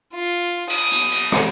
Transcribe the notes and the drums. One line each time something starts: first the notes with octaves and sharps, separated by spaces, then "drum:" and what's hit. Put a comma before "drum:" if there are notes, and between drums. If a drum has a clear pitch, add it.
F4
D#6, drum: cymbal
drum: cymbal
drum: cymbal
drum: rim click